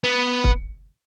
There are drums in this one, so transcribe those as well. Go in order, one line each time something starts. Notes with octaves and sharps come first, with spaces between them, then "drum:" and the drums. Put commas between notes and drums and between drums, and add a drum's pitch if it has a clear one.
B3
drum: kick